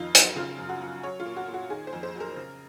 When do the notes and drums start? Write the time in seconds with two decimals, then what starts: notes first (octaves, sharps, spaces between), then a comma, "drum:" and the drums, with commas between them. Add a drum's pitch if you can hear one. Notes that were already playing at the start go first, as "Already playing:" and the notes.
Already playing: F2 D#3 D#4 F4
0.15 F#3 D#4, drum: hi-hat
0.36 C#3 F4
0.58 F#2
0.69 F#4
0.80 F#3
1.03 F#3 C#5
1.20 F4
1.25 A#2
1.36 F#4
1.48 A#2
1.54 F#4
1.70 D#3 G#4
1.87 C5
1.93 F2
2.03 C5
2.15 F#3
2.20 A#4
2.36 C#3